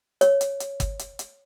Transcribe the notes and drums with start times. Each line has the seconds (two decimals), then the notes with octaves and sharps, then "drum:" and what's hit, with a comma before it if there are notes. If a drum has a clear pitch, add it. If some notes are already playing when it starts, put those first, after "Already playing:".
0.21 C#5, drum: hi-hat
0.41 drum: hi-hat
0.60 drum: hi-hat
0.80 drum: kick, hi-hat
0.99 drum: hi-hat
1.19 drum: hi-hat